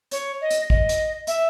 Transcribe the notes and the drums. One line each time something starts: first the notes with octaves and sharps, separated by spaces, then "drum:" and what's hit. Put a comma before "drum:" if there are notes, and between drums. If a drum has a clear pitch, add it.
C#5, drum: hi-hat
D#5
drum: hi-hat
D#5, drum: kick
drum: hi-hat
E5, drum: hi-hat